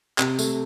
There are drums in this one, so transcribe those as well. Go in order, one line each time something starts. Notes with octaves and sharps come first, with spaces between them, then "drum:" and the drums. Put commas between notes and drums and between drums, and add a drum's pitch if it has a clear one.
C3, drum: clap
A3, drum: tambourine